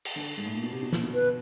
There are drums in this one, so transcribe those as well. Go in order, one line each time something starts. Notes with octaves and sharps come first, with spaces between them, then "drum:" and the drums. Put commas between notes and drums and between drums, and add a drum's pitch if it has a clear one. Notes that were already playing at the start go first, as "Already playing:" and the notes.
drum: cymbal
D3
G#2
A2
A#2
B2
C3
B2
A#2, drum: snare
B2
B4